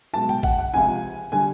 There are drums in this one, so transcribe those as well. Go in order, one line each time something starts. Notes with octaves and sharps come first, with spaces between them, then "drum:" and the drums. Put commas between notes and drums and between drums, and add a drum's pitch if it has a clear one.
B1 B2 G#3 A5
G5, drum: tom C3
F#5, drum: kick G#1
F#5
C#2 C3 F3 G#5
D3 G3 G#5